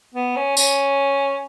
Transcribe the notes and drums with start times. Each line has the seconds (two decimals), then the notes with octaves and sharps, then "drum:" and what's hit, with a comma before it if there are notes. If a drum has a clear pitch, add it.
0.15 B3
0.36 C#4
0.57 C#4, drum: tambourine